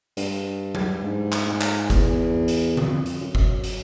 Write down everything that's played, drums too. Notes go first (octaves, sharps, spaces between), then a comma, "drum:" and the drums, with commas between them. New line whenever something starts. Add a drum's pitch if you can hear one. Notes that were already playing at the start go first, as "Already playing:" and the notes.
G2, drum: hi-hat
drum: tom F#3
G#2
drum: clap
G#2
drum: clap
E2, drum: kick F#1, hi-hat
drum: hi-hat
F2, drum: tom D3
drum: hi-hat
F#2
drum: kick F#1
drum: hi-hat